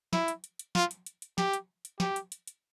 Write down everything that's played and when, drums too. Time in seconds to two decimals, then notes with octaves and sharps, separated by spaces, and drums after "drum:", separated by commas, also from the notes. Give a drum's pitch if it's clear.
0.13 E4, drum: snare
0.28 drum: hi-hat
0.44 drum: hi-hat
0.59 drum: hi-hat
0.75 F4, drum: snare
0.91 drum: hi-hat
1.06 drum: hi-hat
1.22 drum: hi-hat
1.38 G4, drum: snare
1.53 drum: hi-hat
1.85 drum: hi-hat
2.00 G4, drum: snare
2.16 drum: hi-hat
2.32 drum: hi-hat
2.47 drum: hi-hat